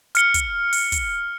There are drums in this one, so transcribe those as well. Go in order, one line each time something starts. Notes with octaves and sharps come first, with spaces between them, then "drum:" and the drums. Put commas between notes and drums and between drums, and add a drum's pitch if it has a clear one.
F6 C#7 G7, drum: hi-hat
drum: kick, hi-hat
drum: open hi-hat
drum: kick, hi-hat